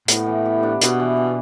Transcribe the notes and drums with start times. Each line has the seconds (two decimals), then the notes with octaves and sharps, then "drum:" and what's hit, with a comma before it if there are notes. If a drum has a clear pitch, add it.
0.08 A2 B3, drum: hi-hat
0.26 E3
0.45 G4
0.63 D4
0.82 B2 B3, drum: hi-hat
1.00 E3
1.17 E3